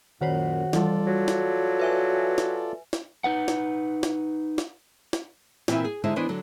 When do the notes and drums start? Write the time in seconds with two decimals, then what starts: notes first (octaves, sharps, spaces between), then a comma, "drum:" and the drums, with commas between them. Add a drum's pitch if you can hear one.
0.21 F#2 A#2 D#3 F#4 C5 C#5
0.73 E3 G3 F4 A4 D5, drum: snare
1.07 F#3
1.28 drum: snare
1.79 B4 E5 G#5
2.38 drum: snare
2.93 drum: snare
3.24 D#4 B4 F#5
3.48 drum: snare
4.03 drum: snare
4.58 drum: snare
5.13 drum: snare
5.68 A#2 E3 C4 E4 B4 E5, drum: snare
5.84 G#4
6.04 D3 G#3 D#4 E4 C5 E5
6.16 E3 B3 D4 B4 C5 D#5
6.29 D3 F#3